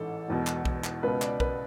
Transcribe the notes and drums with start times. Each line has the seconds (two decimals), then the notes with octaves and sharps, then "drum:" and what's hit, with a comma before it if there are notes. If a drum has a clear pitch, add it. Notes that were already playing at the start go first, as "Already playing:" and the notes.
Already playing: A1 G#2 E3 A4
0.28 E1 E2 B2
0.47 drum: clap
0.65 drum: kick
0.84 drum: clap
1.03 C#2 B2 B4
1.22 D5, drum: clap
1.40 B4, drum: kick